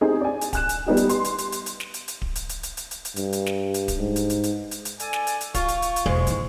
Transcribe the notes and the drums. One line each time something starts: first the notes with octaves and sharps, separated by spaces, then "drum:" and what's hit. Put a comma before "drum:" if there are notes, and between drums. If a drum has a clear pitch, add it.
C4 D#4 G4 G#4 G#5
D5 G#5
drum: hi-hat
G#5 F#6 E7, drum: kick D1, hi-hat
drum: hi-hat
G3 B3 D#4 G4
drum: hi-hat
C6, drum: hi-hat
drum: hi-hat
drum: hi-hat
drum: hi-hat
drum: hi-hat
drum: snare
drum: hi-hat
drum: hi-hat
drum: kick D1
drum: hi-hat
drum: hi-hat
drum: hi-hat
drum: hi-hat
drum: hi-hat
drum: hi-hat
G2, drum: hi-hat
drum: hi-hat
drum: snare
drum: hi-hat
drum: kick D1, hi-hat
G#2
drum: hi-hat
drum: hi-hat
drum: hi-hat
drum: hi-hat
drum: hi-hat
A4 D5 G#5, drum: hi-hat
drum: snare
drum: hi-hat
drum: hi-hat
F4 C#6, drum: kick D1, hi-hat
drum: hi-hat
drum: hi-hat
drum: hi-hat
E1 G#2 G#3
D3 E4, drum: hi-hat